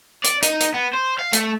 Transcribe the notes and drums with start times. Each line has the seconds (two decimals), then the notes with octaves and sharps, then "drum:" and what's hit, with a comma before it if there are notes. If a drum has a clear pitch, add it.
0.24 D5, drum: hi-hat
0.42 D#4, drum: hi-hat
0.60 drum: hi-hat
0.74 B3
0.93 C5
1.19 F5
1.33 A3, drum: hi-hat